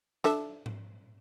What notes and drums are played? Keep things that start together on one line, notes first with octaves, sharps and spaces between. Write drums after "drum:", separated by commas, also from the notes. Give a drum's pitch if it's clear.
D4 A4 E5, drum: snare
drum: tom G#2